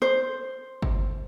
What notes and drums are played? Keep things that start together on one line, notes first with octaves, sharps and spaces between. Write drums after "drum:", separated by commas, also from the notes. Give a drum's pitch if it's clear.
C5
drum: kick G1